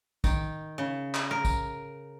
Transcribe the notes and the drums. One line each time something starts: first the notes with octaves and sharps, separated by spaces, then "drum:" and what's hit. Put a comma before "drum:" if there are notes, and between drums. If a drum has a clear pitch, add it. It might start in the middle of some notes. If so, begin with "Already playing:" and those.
D#3, drum: kick, tambourine
C#3
drum: clap
A#4
drum: kick, tambourine